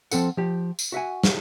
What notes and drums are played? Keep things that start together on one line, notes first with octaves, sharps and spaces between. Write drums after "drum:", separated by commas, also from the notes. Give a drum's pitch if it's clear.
F3 C4 A4 F#5, drum: tambourine
F3 G4
drum: tambourine
F#4 E5 F#5 G#5
drum: snare